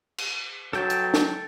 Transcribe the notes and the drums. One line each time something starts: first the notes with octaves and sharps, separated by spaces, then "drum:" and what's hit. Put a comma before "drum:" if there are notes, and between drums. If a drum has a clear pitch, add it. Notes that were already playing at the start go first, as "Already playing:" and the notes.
drum: cymbal
F#3 A4 G5 A5, drum: rim click
drum: hi-hat
drum: snare